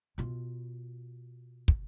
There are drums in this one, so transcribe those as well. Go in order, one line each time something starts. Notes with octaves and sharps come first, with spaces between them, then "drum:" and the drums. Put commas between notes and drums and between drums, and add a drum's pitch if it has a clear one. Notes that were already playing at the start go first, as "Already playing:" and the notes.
B2 F4
drum: kick